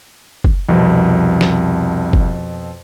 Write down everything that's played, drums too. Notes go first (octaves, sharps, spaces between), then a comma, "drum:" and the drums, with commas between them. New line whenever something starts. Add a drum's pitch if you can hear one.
drum: kick
C2 F2 B2
drum: snare
drum: kick